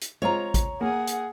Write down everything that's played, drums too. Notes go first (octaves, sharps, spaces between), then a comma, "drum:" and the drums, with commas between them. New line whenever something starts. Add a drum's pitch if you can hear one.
drum: hi-hat
G#3 C4 F4 C#5 A#5
drum: kick A1, hi-hat
A#3 G#4 F#5
drum: hi-hat